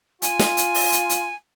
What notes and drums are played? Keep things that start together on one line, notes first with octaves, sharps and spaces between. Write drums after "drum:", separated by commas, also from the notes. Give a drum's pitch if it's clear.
F4 G#5, drum: hi-hat
drum: snare
drum: hi-hat
drum: open hi-hat
drum: hi-hat
drum: hi-hat